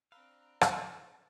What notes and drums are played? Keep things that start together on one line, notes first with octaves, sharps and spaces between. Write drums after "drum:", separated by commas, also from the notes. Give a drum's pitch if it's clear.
C4 D4 F5 A#5 B5 E6 F#6
drum: rim click